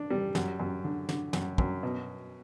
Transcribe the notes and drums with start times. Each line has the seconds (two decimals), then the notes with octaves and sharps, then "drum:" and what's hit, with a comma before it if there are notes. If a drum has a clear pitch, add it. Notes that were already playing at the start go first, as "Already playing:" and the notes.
Already playing: D4
0.10 G3
0.35 F#2, drum: snare
0.60 F#2
0.84 D3
1.09 D3, drum: snare
1.33 F#2, drum: snare
1.58 F#2, drum: kick
1.83 B2